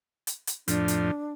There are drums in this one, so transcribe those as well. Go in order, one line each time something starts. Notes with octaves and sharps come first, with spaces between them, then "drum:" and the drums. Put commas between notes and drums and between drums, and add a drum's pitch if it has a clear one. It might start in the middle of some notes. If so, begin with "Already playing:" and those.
drum: hi-hat
drum: hi-hat
F2 A2 F3 D4, drum: hi-hat
drum: hi-hat